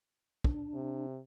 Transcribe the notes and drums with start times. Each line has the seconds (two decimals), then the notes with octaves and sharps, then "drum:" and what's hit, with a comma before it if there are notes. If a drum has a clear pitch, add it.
0.44 D4, drum: kick
0.74 C3